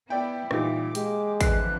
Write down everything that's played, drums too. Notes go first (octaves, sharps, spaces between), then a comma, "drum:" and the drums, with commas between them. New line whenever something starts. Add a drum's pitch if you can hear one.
B3 E4 D5 G5
A#2 E3 G3 D#4 G4 D6, drum: rim click
G#3 A#3 G4, drum: hi-hat
F2 D3 E3 F#6 C7, drum: kick, hi-hat